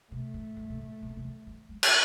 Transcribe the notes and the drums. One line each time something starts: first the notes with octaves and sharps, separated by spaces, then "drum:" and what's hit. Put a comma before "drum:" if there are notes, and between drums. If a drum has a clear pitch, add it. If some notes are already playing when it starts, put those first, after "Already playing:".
B2 A3
A2
G#2
B2
A2
B2
A2
B2
C#3
E3
G#3
drum: cymbal